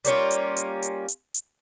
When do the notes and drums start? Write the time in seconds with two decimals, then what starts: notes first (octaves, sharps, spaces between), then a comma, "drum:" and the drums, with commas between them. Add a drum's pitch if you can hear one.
0.05 G3 A#3 C#4 F4, drum: hi-hat
0.30 drum: hi-hat
0.56 drum: hi-hat
0.82 drum: hi-hat
1.08 drum: hi-hat
1.34 drum: hi-hat